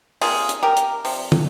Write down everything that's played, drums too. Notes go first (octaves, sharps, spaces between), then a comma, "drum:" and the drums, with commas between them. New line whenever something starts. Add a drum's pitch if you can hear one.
C3 F3 A#3 F4 G#4, drum: open hi-hat
drum: hi-hat
G4 A#4
drum: hi-hat
C3 F3, drum: open hi-hat
drum: tom